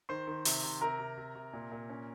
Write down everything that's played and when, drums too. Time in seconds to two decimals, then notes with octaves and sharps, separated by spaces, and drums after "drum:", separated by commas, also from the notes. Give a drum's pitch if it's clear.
0.09 D#3 C5 C6
0.27 D#3
0.45 C3, drum: open hi-hat
0.63 C3
0.81 C3 A#4 A#5
0.99 C3
1.17 C3
1.35 C3
1.53 A#2
1.71 A#2
1.89 C#4